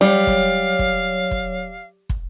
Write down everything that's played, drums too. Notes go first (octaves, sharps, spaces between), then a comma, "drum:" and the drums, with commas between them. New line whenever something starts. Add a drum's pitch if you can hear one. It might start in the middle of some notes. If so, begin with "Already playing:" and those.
F#3 G3 C#5 F5
drum: kick
drum: kick
drum: kick
drum: kick